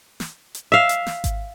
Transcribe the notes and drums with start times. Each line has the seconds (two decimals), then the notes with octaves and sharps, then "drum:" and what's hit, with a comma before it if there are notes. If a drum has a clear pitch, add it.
0.20 drum: snare
0.55 drum: hi-hat
0.72 E5 F5
0.89 drum: hi-hat
1.06 drum: snare
1.24 drum: kick G#1, hi-hat